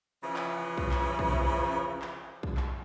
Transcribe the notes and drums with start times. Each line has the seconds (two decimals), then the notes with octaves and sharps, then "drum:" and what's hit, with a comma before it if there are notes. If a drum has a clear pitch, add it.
0.22 C#3 E3 F3
0.36 drum: clap
0.78 drum: kick
0.91 drum: clap
1.19 drum: kick
1.33 drum: kick
2.02 drum: clap
2.43 drum: kick
2.57 drum: clap